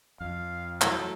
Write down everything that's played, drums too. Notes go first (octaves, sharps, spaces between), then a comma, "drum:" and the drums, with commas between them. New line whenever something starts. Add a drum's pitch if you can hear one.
F2 F5
F#3 A3 E4 A4, drum: clap